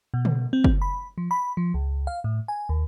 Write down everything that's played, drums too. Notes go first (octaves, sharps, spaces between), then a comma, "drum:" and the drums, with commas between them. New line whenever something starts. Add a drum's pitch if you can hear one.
B2
drum: tom C#3
C4
drum: kick
B5
F3
B5
F3
C#2
F5
A2
G#5
D#2